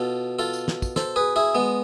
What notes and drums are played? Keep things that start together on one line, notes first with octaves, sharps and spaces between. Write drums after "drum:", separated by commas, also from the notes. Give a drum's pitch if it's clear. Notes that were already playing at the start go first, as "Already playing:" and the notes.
Already playing: B2 F4 A4
F4 A4
drum: tambourine
drum: snare
drum: kick, tambourine
A4 C5, drum: snare
G#4 B4
E4 G#4
G#3 B3